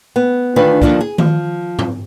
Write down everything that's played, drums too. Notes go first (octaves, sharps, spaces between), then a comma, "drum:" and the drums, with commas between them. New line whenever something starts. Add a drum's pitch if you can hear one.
B3
D2 D#3 D4 F4 B4 G#5
D#2 G#2 D3 F3 D4, drum: kick
G#4
F3, drum: tom D#3
drum: tom